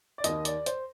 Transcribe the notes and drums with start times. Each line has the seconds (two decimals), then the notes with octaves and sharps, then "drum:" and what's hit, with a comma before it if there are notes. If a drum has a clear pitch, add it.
0.18 D5
0.24 D#2 D#3 D#5, drum: hi-hat
0.45 D5, drum: hi-hat
0.66 C5, drum: hi-hat